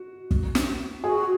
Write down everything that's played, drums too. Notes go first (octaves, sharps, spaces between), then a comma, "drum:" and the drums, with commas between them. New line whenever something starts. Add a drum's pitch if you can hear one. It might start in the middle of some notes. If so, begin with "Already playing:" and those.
Already playing: F#4
drum: kick
drum: snare
F#4 G#4